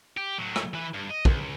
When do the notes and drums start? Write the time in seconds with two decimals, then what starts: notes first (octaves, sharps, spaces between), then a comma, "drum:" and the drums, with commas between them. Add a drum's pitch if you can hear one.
0.17 G4
0.39 A2 F#3
0.56 drum: rim click
0.74 E3 B4
0.94 G2
1.10 D#5
1.25 C#2, drum: kick